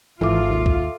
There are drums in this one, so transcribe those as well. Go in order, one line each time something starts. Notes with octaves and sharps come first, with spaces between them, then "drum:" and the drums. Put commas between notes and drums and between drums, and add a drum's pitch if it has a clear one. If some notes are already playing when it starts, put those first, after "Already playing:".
G#1 E3 F4 A4 E5 D6
D#2
drum: kick C2